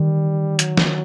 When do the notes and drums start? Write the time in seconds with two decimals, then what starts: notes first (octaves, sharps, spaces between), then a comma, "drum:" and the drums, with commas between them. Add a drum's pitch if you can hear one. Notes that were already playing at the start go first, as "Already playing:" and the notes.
Already playing: D#3 G3
0.59 F#3, drum: hi-hat
0.77 drum: snare